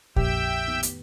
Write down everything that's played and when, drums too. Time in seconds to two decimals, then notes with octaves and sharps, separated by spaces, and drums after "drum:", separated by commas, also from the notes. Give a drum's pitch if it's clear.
0.16 A#1 F2 G4 E5 G5 E6, drum: kick
0.66 A2 D#3 B3
0.83 drum: hi-hat